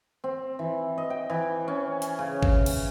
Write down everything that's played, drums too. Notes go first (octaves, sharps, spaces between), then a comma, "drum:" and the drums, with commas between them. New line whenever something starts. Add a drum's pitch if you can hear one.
C4
E3
D#5
G5
E3
C#4
drum: hi-hat
C#3
drum: kick G#1
drum: cymbal